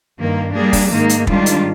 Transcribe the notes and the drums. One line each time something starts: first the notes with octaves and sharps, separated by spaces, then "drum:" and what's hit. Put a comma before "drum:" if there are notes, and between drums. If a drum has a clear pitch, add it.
G2 D#3 A#3
G3 A#3 D4 G#4
drum: kick, open hi-hat
G#2 D#3 A#3 D#4
drum: hi-hat
G#2 D#3 G3 D4 F4, drum: kick
drum: hi-hat